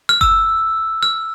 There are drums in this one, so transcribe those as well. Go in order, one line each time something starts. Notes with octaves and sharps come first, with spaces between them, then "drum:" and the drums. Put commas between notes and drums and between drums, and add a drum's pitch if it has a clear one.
F6
E6, drum: kick F#1
F6